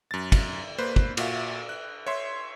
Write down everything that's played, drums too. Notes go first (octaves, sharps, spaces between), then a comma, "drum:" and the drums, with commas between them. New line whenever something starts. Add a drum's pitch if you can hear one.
F#2 A6
drum: kick, cymbal
A#3 B4 C5
drum: kick
A#2 F#4 E5 F5, drum: cymbal
F#6
C#5 E5 C6